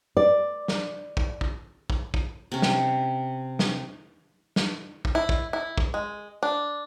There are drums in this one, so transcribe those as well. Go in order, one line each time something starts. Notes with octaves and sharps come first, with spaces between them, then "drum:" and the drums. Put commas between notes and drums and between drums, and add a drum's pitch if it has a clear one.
D5
drum: snare
drum: kick
drum: kick
drum: kick
drum: kick
C3 C#4
drum: snare
drum: snare
drum: snare
drum: kick
E4
drum: kick
E4
drum: kick
G#3
D4